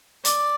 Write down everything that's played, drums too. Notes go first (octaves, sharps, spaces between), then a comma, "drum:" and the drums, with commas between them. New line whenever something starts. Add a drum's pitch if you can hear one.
D5, drum: hi-hat